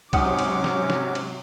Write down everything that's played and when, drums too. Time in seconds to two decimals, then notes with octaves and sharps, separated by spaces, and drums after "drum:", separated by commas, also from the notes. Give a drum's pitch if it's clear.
0.13 G#2 C3 F#3 C#4 F#5 D6 D#6, drum: kick C2, cymbal
0.39 drum: cymbal
0.64 drum: snare
0.90 drum: snare
1.15 drum: cymbal